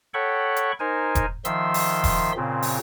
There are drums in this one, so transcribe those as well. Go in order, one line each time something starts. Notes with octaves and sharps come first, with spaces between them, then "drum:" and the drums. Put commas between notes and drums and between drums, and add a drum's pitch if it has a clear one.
A4 C#5 F#5 G5 B5 C#6
drum: hi-hat
D#4 A#4 C5 G#5
drum: kick E1, hi-hat
D#3 F3 E5 C6 E6, drum: hi-hat
drum: open hi-hat
drum: kick E1, open hi-hat
A#2 C#3 C4
drum: open hi-hat